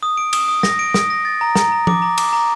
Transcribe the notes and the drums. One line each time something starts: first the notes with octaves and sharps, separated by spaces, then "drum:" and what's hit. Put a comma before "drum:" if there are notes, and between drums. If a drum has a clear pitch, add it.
D#6
D7
D#6, drum: cymbal
D#6
A#6, drum: snare
D7
D#6, drum: snare
A#6
A6
A#5
A#5, drum: snare
A#5
D6, drum: tom F3
A#5
D6, drum: cymbal
A#5